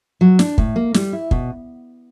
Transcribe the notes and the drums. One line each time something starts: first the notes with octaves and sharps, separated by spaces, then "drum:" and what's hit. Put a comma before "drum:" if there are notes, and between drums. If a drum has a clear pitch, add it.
F#3
D4, drum: snare
A2, drum: kick
A#3
G3, drum: snare
E4
B2, drum: kick